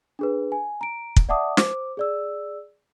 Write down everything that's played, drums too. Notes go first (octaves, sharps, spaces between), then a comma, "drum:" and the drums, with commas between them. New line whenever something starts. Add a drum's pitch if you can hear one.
D4 G#4 B4
G#5
A#5 D7
drum: kick
D5 E5 F#5 A5 D6 D#6
C5 D6, drum: snare
G#4 D5 E6